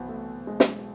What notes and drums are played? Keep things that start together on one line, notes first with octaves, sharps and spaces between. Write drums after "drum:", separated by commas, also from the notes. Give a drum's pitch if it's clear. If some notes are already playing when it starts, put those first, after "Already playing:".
Already playing: B1 E3 B3 C4
A3
G#3
drum: snare